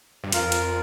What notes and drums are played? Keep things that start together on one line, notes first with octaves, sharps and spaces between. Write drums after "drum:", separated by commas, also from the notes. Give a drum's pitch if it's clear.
G2
F2 F4 A#4 F5, drum: hi-hat
drum: hi-hat